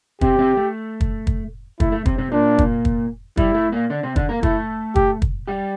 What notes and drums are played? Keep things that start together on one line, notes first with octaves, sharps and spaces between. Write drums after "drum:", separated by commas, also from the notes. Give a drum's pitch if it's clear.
C3 C4 G4, drum: kick
C3 C4
A3
drum: kick
drum: kick
A3 E4, drum: kick
A3
C3 C4, drum: kick
C3 C4
A#2 A#3 D4
drum: kick
drum: kick
G3 E4, drum: kick
A3
A#2 A#3
D3 D4
C3 C4
D3 D4, drum: kick
A#3 A#4
A3 E4 A4, drum: kick
G4, drum: kick
drum: kick
G3 G4